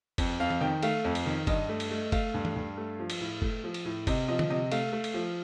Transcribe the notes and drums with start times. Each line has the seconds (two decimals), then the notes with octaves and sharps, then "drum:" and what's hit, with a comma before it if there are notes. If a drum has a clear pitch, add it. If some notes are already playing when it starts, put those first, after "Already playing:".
0.18 F2, drum: kick F#1, cymbal
0.40 F2 F5
0.50 drum: tom E3
0.61 D#3 G5
0.83 A3 F5, drum: cymbal
1.04 F2
1.15 drum: cymbal
1.26 D#3
1.47 G2 D#5, drum: kick F#1, cymbal
1.69 A3
1.80 drum: cymbal
1.91 A3
2.12 A3 F5, drum: kick F#1, cymbal
2.34 G2
2.45 drum: tom E3
2.56 G2
2.77 A3
2.99 F3
3.10 drum: cymbal
3.21 A2
3.42 A3, drum: kick F#1
3.64 F3
3.74 drum: cymbal
3.85 A2
4.07 C3 D#5, drum: kick F#1, cymbal
4.28 F3 D#5
4.39 drum: tom D3
4.50 C3 D#5
4.72 A3 F5, drum: cymbal
4.93 A3
5.04 drum: cymbal
5.14 F3